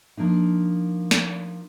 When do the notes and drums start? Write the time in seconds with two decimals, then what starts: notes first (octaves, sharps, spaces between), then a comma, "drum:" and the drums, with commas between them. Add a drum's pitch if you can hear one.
0.17 F3 A#3 D4 D#4
1.11 drum: snare